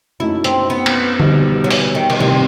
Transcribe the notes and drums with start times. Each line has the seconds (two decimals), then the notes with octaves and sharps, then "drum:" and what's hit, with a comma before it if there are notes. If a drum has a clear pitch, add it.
0.20 F#2 F#3 A3 D#4 E4 A4
0.44 C4, drum: hi-hat
0.70 B3
0.86 drum: cymbal
1.20 B2 G3 D#4 G4 C5, drum: tom D3
1.64 F#3
1.70 E3, drum: open hi-hat
1.95 D#3
2.10 D#3, drum: cymbal
2.20 A1 G2 C3 D#3 G3 C4